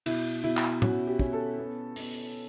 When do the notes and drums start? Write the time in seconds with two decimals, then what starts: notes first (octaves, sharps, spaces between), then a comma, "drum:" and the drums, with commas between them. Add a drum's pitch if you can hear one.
0.06 B2 E4, drum: cymbal
0.43 B2 E4
0.57 drum: clap
0.82 C#4 F#4, drum: tom
1.07 G4
1.19 C#4, drum: kick
1.33 A4
1.59 B3
1.96 B3, drum: open hi-hat